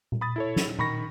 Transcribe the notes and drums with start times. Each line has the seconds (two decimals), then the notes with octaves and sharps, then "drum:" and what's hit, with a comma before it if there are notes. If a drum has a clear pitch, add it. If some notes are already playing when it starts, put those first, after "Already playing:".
0.12 drum: tom A#2
0.21 B5 D#6 A6
0.36 E4 A4 C#5
0.56 drum: snare
0.79 D#3 B5 C#6 A#6, drum: tom A#2